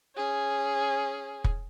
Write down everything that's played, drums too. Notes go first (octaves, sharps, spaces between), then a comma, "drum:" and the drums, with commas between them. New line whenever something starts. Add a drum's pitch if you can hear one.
C#4 G#4
drum: kick